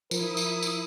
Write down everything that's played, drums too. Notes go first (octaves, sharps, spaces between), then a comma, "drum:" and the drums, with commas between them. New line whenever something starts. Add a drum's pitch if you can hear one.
F3 E4 A#4 D#6, drum: tambourine
drum: tambourine
drum: tambourine